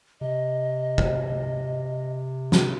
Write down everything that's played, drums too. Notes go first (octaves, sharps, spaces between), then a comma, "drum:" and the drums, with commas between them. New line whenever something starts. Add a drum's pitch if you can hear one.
C3 D#5
drum: kick
drum: snare